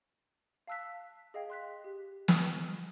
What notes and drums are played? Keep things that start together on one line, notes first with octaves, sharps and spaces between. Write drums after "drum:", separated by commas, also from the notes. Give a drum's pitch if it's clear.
F5 A5 E6 F#6 B6
G#4 D#5 F5 G5 G#6
C6 F#6 B6
G4
C#6 D#6, drum: snare